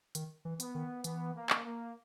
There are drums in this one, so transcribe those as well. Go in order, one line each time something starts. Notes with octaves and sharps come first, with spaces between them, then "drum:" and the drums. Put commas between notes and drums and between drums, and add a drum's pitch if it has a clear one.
D#3, drum: hi-hat
E3
B3, drum: hi-hat
D#3
E3 B3, drum: hi-hat
A#3
drum: clap
A#3